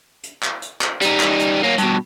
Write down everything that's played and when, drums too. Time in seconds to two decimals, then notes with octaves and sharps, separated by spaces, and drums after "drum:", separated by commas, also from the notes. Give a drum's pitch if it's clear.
0.23 drum: hi-hat
0.43 drum: clap
0.62 drum: hi-hat
0.81 drum: clap
1.01 G3 D#4, drum: hi-hat
1.20 drum: clap
1.39 drum: hi-hat
1.63 A#3 C#4
1.78 G2 B2, drum: hi-hat